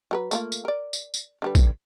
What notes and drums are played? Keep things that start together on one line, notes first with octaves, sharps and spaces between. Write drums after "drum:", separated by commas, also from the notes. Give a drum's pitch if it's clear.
F#3 A#4 B4
A3 A#3 F4, drum: tambourine
drum: tambourine
A#4 D5
drum: tambourine
drum: tambourine
D3 G3 B4
drum: kick, tambourine